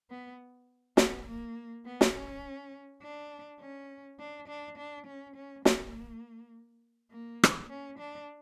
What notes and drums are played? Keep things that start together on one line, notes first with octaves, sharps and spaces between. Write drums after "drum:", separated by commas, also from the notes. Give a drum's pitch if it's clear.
B3
B3, drum: snare
A#3
B3
drum: snare
C#4
D4
C#4
D4
D4
D4
C#4
C#4
A#3, drum: snare
A#3
drum: rim click
C#4
D4